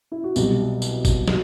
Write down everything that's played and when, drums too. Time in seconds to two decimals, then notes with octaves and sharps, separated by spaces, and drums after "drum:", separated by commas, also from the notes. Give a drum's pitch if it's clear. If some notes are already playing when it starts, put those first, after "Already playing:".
0.12 E4
0.24 F#4
0.36 C2 B2 F#3 G4, drum: tambourine
0.82 drum: tambourine
1.05 drum: kick, tambourine
1.28 F#4, drum: snare